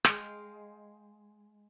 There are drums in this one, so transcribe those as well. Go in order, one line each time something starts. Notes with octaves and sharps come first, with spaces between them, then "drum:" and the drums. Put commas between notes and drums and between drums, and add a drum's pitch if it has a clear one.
G#3 D#5 F5 G5, drum: rim click